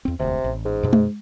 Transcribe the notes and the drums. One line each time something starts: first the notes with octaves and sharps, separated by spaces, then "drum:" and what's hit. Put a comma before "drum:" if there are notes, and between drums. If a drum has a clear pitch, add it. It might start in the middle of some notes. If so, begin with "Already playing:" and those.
E2 C4
E1 D2 C3
A1
G#2
F#2 B2
drum: tom G#3